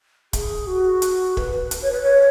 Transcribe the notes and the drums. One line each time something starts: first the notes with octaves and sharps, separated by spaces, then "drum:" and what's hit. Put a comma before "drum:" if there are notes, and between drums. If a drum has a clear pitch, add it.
G#4, drum: kick, hi-hat
F#4
drum: hi-hat
B4, drum: kick
drum: hi-hat
C#5
B4
C#5